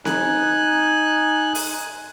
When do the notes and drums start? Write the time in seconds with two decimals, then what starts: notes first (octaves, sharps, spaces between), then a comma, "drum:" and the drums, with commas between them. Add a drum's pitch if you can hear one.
0.05 D#4 G#5 F#6, drum: snare C4
1.55 drum: open hi-hat